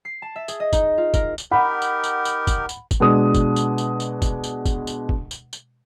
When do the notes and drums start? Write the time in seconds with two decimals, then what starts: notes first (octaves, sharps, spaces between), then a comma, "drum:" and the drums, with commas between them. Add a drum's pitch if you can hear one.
0.05 C7
0.22 A5
0.36 E5
0.48 G#4, drum: tambourine
0.60 D#5
0.73 D#4, drum: kick, tambourine
0.98 F4
1.14 A#4, drum: kick, tambourine
1.38 drum: tambourine
1.51 D#4 G4 A#4 F#5 B5
1.82 drum: tambourine
2.04 drum: tambourine
2.25 drum: tambourine
2.47 drum: kick, tambourine
2.69 drum: tambourine
2.91 drum: kick, tambourine
3.00 B2 G#3 D4 D#6
3.35 drum: kick, tambourine
3.56 drum: tambourine
3.78 drum: tambourine
4.00 drum: tambourine
4.22 drum: kick, tambourine
4.44 drum: tambourine
4.65 drum: kick, tambourine
4.87 drum: tambourine
5.09 drum: kick
5.31 drum: tambourine
5.53 drum: tambourine